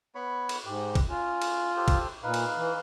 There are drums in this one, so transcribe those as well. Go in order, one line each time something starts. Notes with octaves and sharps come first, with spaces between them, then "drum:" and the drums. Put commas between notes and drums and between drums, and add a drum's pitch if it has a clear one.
B3 C#5 B5
drum: cymbal
G#2 G4
drum: kick A#1, cymbal
C#4 F4
drum: cymbal
G4 A4 C5
drum: kick A#1, cymbal
A#2 D#4 B4 F5
drum: cymbal
E3